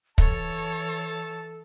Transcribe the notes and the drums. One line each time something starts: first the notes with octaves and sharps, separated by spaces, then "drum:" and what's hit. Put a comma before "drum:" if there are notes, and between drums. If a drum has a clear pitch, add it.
E3 A4 C#5 A5, drum: kick